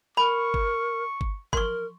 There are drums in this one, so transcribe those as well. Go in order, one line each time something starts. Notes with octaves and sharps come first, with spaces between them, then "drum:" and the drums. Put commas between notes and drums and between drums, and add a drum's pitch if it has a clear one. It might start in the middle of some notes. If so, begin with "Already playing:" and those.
A#4 B5 C#6
drum: kick G1
drum: kick G1
A#4 C6 C#6, drum: kick G1